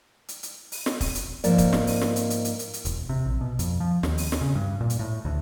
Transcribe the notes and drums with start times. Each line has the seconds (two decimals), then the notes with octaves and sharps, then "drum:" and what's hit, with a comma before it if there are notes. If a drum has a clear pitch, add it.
0.28 drum: hi-hat
0.43 drum: hi-hat
0.72 drum: open hi-hat
0.86 drum: snare
1.01 drum: kick, open hi-hat
1.15 drum: hi-hat
1.44 G#2 F3 A#3 D5, drum: hi-hat
1.58 drum: kick, hi-hat
1.73 drum: snare
1.87 drum: open hi-hat
2.01 drum: snare
2.16 drum: hi-hat
2.30 drum: hi-hat
2.45 drum: hi-hat
2.59 drum: hi-hat
2.73 drum: hi-hat
2.85 E1, drum: hi-hat
3.09 C3
3.26 A#1
3.41 B2
3.59 F2, drum: hi-hat
3.80 F3
4.03 D#2, drum: snare
4.18 drum: open hi-hat
4.32 drum: snare
4.41 C#3
4.55 G2
4.81 A#2
4.90 drum: hi-hat
4.99 A2
5.25 D2